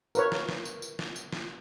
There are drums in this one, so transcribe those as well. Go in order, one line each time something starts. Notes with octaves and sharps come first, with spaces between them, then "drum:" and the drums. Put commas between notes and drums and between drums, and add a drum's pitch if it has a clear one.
A#4 B4 C#5, drum: tambourine
drum: snare
drum: snare
drum: tambourine
drum: tambourine
drum: snare
drum: tambourine
drum: snare